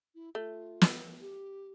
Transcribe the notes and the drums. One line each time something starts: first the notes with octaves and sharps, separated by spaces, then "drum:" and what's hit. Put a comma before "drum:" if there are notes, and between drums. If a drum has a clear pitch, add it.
E4
A3 F4 G4
drum: snare
G4